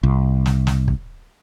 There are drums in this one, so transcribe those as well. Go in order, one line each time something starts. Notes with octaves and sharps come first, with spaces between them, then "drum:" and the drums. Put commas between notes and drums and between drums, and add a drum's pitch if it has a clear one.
C2
drum: snare
drum: snare
drum: kick